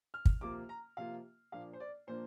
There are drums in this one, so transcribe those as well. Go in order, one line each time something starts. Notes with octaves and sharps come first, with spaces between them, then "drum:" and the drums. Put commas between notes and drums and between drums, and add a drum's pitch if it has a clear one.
F6
drum: kick
C3 F3 A#3 F4 D6
A#5
C3 F3 A#3 F4 F5
A#2 F3 A#3 D4 F5
C5
D5
A#2 F3 A#3 D4 C5